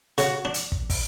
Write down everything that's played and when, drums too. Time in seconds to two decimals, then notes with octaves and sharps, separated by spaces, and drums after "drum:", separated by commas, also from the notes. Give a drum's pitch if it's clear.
0.18 C#3 F#4, drum: hi-hat
0.45 D4
0.54 drum: hi-hat
0.72 drum: kick
0.90 drum: kick, open hi-hat